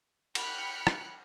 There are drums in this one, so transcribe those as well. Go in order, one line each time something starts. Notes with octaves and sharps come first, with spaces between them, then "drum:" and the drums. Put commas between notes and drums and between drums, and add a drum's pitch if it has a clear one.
G5 B5 F6 F#6 C#7, drum: cymbal
drum: rim click